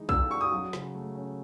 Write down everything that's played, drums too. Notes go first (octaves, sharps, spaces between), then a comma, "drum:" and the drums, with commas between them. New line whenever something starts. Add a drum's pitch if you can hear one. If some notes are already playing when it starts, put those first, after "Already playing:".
Already playing: E3 G#3 D#4
A4 E6, drum: kick
G#3 C#6
D#6
F#3
C#3, drum: snare
A3
C#4